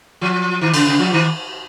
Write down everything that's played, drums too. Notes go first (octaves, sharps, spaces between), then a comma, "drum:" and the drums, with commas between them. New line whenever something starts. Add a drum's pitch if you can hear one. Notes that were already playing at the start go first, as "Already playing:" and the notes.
F3
D#3
C#3, drum: cymbal
C#3
F3
D#3